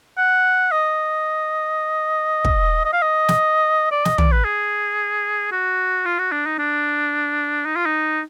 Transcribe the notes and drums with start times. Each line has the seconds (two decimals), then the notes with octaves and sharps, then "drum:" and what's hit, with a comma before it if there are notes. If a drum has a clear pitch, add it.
0.18 F#5
0.72 D#5
2.45 drum: kick
2.85 D#5
2.93 F5
3.02 D#5
3.29 drum: snare
3.91 D5
4.05 D#5, drum: snare
4.18 D5, drum: tom
4.32 B4
4.45 G#4
5.52 F#4
6.06 F4
6.19 F#4
6.32 D4
6.46 D#4
6.59 D4
7.66 D#4
7.76 F4
7.86 D#4